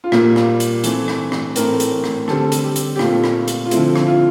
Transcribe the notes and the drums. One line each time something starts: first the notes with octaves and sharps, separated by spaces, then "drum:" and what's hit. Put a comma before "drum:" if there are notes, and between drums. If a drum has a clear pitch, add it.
F4
A#2 G3 A#3 G4, drum: rim click
drum: rim click
drum: hi-hat
E3 A3 C4, drum: hi-hat
drum: rim click
drum: rim click
A2 E3 A3 C4 A#4, drum: hi-hat
drum: hi-hat
drum: rim click
D3 G3 C4 A4, drum: rim click
drum: hi-hat
G4
drum: hi-hat
G4
A#2 A3 C4 F4, drum: rim click
drum: rim click
drum: hi-hat
F4
D3 F3 A3 C4 E4, drum: hi-hat
drum: rim click
F4